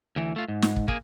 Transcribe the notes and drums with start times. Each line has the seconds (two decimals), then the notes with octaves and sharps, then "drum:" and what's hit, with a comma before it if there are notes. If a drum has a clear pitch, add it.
0.16 D2 E3
0.36 A3 F4
0.48 G#2
0.62 drum: snare
0.76 drum: kick
0.88 A#3 G#4, drum: kick